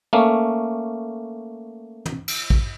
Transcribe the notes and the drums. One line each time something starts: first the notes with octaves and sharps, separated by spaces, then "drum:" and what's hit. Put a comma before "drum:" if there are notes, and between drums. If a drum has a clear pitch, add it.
A3 A#3 C#4
drum: tom
drum: cymbal
drum: kick